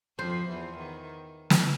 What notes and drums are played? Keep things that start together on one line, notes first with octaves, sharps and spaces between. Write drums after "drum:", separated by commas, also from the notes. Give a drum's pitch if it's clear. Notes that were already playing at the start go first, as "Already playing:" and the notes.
F2 F3 C5
E2 E3
D#3
drum: snare